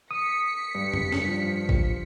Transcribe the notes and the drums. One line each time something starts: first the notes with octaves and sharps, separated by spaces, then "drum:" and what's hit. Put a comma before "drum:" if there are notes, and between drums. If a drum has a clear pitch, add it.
D#6 B6 C#7
G2
drum: tom F2
drum: snare
F3
drum: kick G#1